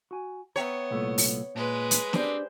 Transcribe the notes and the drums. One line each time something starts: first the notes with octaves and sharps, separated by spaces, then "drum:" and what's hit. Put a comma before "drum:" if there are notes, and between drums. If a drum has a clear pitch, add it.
F#4 G#5
B3 C#5 E5 G5 A#5
C2 A#2 A3
drum: open hi-hat
A#2 G#3 B4
drum: hi-hat
C4 D4 G4 D5, drum: snare